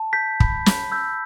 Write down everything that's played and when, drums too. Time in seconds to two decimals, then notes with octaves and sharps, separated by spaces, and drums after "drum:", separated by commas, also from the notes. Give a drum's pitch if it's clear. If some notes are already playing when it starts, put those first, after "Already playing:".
Already playing: A5
0.13 G6 B6
0.40 B5, drum: kick
0.66 B5, drum: snare
0.92 E6 G6